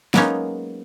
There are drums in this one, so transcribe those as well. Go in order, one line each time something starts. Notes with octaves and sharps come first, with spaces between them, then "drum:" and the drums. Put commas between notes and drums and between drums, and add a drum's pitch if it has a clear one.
F#3 G#3 A#3 B3 C#4 D#4, drum: snare